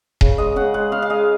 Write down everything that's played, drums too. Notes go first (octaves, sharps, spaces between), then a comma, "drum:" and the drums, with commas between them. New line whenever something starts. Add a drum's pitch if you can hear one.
C#3, drum: kick D#1
G#3 D#5
C#3 F#5
G#3 F#5
C#3 F5
F5
G#3 D#5